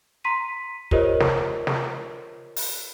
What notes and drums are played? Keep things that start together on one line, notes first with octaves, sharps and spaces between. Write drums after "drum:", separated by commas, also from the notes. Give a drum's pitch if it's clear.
A#5 C6 B6 D#7
F4 G4 A#4 C5 C#5 D#5, drum: kick
drum: snare
drum: snare
drum: open hi-hat